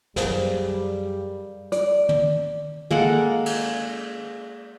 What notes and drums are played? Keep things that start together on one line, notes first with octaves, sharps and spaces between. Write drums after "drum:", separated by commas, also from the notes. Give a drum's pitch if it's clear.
F#2 G3 G#4 A#4 C5 F5, drum: snare
D5, drum: hi-hat
drum: tom
G#3 A#3 A4 F#5, drum: tom
drum: cymbal